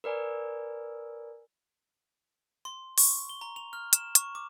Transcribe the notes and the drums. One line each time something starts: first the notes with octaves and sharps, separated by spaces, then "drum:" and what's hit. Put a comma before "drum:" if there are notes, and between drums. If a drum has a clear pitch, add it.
A#4 B4 D5 G#5
C6
C#6, drum: open hi-hat
G7
A#5
F7
F6
E7, drum: hi-hat
C#6, drum: hi-hat
D6